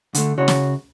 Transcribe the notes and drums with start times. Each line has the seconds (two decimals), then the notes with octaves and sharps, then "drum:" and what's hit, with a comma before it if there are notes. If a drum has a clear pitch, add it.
0.14 D3 A3, drum: hi-hat
0.38 C#3 F#4 C#5
0.48 drum: snare